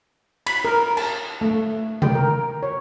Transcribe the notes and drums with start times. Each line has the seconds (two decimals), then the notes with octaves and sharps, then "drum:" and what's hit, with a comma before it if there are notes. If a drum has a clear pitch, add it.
0.46 B5, drum: cymbal
0.65 A#4
0.97 A5, drum: cymbal
1.41 A3
2.02 G5, drum: tom C3
2.15 A#4
2.63 C#5